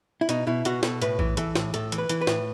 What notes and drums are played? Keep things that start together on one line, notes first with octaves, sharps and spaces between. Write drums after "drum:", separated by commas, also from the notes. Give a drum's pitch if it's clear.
E4
B2 D#4, drum: hi-hat
B2 E4
B2 F#4, drum: hi-hat
B2 A4, drum: snare
A2 B4, drum: hi-hat
E3, drum: kick A#1
E3 A4, drum: hi-hat
A2, drum: snare
A2 A4, drum: hi-hat
E3, drum: hi-hat
B4
E3, drum: hi-hat
B4
A2, drum: snare